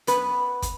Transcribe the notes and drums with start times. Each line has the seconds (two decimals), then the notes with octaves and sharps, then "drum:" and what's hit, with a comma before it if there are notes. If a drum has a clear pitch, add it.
0.07 F#2 B3 B4, drum: hi-hat
0.62 drum: kick, hi-hat